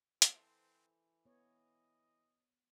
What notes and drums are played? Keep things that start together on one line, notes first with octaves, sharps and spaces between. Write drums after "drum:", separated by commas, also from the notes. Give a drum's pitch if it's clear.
E3 C4 A4 C5 A5, drum: hi-hat
B3 C#5 D#5